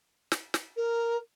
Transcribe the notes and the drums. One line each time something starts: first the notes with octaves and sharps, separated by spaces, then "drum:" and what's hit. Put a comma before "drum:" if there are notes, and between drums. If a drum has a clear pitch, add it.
drum: snare
drum: snare
A#4